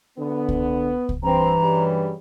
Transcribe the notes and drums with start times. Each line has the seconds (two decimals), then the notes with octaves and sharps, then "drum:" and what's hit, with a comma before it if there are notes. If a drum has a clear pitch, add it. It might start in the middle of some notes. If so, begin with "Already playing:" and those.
0.18 D3 B3
0.48 drum: kick C2
1.09 drum: kick C2
1.23 G2 E3 C4 A#5
1.61 C#3 F#3 G3